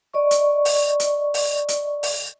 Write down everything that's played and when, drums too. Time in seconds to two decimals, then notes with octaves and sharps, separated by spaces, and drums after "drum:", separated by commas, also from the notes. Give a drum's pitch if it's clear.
0.14 D5 D#5 C#6
0.31 drum: hi-hat
0.65 drum: open hi-hat
1.00 drum: hi-hat
1.34 drum: open hi-hat
1.68 drum: hi-hat
2.03 drum: open hi-hat